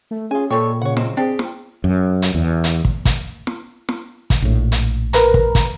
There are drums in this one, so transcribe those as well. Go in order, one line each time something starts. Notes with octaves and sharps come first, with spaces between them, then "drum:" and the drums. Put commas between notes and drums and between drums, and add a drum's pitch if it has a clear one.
A3
C#4 F4 G#4 G#5
A#2 G3 G#3 A4 C#5 G5 C#6
C#3 C#5 F#5
F#3 C4 D#5, drum: snare
C4 D4 G4 G#4
drum: snare
F#2
drum: hi-hat
E2
drum: hi-hat
drum: kick
drum: kick, hi-hat
drum: snare
drum: snare
drum: kick, hi-hat
A#1 A2
drum: hi-hat
A#4 B4 A#5, drum: hi-hat
drum: kick
drum: kick, hi-hat